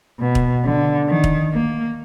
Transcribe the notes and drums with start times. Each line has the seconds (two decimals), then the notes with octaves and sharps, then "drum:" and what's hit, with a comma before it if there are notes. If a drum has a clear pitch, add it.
0.20 B2
0.35 drum: kick
0.65 D3
1.09 D#3
1.24 drum: kick
1.53 A#3